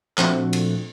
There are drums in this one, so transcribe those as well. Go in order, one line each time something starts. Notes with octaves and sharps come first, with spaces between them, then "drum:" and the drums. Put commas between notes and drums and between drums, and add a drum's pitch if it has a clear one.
A#2 F3 A3 C4 D4 F#4, drum: clap
drum: cymbal